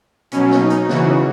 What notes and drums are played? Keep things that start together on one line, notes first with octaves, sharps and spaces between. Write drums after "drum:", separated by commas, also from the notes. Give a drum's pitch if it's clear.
B2 F#3 C#4, drum: hi-hat
drum: snare
D#4
drum: hi-hat
C#3 E3 F#4, drum: snare